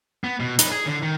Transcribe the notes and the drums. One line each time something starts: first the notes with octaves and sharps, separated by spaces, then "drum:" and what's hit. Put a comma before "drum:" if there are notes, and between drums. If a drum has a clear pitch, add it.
B3
B2
D#4 B4, drum: hi-hat
G#4
D3
D#3